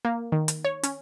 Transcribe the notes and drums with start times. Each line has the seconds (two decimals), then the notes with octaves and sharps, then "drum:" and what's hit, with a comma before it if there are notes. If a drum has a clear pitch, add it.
0.05 A#3
0.32 D#3
0.48 drum: hi-hat
0.65 C#5
0.83 C#4, drum: hi-hat